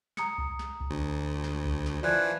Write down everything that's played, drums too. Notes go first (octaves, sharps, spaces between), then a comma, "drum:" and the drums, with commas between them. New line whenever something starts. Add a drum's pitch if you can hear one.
A#5 D#6 C#7, drum: snare
drum: kick C2
drum: snare
drum: kick C2
D2
drum: snare
drum: kick C2
drum: snare
E3 F3 D5 F#6 G#6